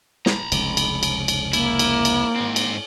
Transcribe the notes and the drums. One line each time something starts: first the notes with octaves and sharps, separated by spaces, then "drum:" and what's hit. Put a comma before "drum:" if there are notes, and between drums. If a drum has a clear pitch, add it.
A#5 B5, drum: snare
F1 C#2, drum: cymbal
drum: cymbal
drum: cymbal
drum: cymbal
A#3 E4, drum: cymbal
drum: cymbal
drum: cymbal
G#2 C4
drum: cymbal